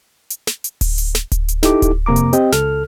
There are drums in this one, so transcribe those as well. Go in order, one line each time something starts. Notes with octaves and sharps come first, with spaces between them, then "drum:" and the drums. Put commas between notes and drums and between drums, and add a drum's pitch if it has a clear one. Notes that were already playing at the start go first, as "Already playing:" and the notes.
drum: hi-hat
drum: snare
drum: hi-hat
drum: kick D1, open hi-hat
drum: hi-hat
drum: snare
drum: kick D1, hi-hat
drum: hi-hat
D#4 E4 G4 A4 D6, drum: snare
drum: kick D1, hi-hat
F2 C3 A#3 A#5 D6
drum: hi-hat
C4 G4 D#5 G5, drum: hi-hat
C#2 A4 F6, drum: snare